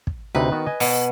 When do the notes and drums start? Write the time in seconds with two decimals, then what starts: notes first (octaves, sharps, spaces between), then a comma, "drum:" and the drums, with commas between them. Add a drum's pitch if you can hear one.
0.07 drum: kick
0.35 D2 C3 D#4 B4
0.52 D#3 B3 F#4
0.67 D#5 G#5
0.80 B2, drum: open hi-hat